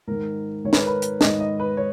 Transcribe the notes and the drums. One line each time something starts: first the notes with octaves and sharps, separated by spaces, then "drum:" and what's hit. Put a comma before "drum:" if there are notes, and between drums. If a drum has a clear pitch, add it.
G#2 D#3 A#4
G#2 D#3 C#5
B4, drum: snare
A#4
B4
drum: hi-hat
G#2 D#3 D#5, drum: snare
D#5
B4
C#5